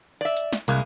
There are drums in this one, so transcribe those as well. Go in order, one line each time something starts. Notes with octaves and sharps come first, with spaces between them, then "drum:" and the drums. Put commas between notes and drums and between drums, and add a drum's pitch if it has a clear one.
D5 E5
drum: hi-hat
drum: snare
C2 G#3 A#3, drum: hi-hat